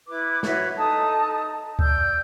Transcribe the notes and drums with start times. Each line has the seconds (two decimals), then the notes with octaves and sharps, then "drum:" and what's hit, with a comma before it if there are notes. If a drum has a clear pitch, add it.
0.07 E4 B4 D6
0.43 F#4 B4 C#5 E5, drum: snare
0.76 D#4 A4 A5 D#6
1.79 D5 G5 E6 G6, drum: kick C#2